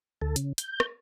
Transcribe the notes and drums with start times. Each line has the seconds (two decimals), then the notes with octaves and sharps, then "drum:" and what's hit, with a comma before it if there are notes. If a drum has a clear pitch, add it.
0.22 D2 A4
0.36 C#3, drum: hi-hat
0.58 G6, drum: hi-hat
0.80 drum: rim click